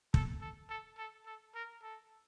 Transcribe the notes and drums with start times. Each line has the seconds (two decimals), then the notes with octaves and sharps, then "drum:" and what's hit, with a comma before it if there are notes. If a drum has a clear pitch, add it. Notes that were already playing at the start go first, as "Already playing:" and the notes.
0.14 A4, drum: kick
0.41 A4
0.69 A4
0.98 A4
1.26 A4
1.55 A#4
1.83 A4